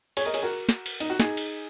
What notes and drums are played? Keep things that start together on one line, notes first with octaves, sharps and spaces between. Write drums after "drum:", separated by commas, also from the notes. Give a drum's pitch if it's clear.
G#4 C#5, drum: cymbal
A#4 D#5
G#4 C#5, drum: cymbal
F#4 A#4
drum: snare
drum: cymbal
D#4, drum: cymbal
F#4
D#4 G#4, drum: snare
drum: cymbal